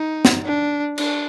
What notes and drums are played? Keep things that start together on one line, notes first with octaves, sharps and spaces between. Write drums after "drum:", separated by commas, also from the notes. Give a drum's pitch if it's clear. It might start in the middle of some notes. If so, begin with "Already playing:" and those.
Already playing: D#4
drum: snare
D4
D4, drum: cymbal